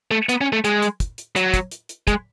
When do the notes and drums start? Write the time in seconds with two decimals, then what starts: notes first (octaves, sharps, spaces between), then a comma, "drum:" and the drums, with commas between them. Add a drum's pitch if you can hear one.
0.11 A3
0.29 B3, drum: hi-hat
0.41 C#4
0.53 A3
0.65 G#3, drum: hi-hat
0.82 drum: hi-hat
1.00 drum: kick, hi-hat
1.18 drum: hi-hat
1.36 F#3, drum: hi-hat
1.54 drum: kick, hi-hat
1.71 drum: hi-hat
1.89 drum: hi-hat
2.07 G#3, drum: kick, hi-hat